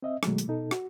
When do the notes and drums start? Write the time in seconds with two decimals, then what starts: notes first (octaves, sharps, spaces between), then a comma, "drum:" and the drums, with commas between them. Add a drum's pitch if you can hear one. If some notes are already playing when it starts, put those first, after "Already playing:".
0.03 C4 D#5 E5
0.23 B2 D#3 F#3 G#3 A3, drum: rim click
0.38 drum: hi-hat
0.48 B2 D#4 A4
0.71 F#4, drum: rim click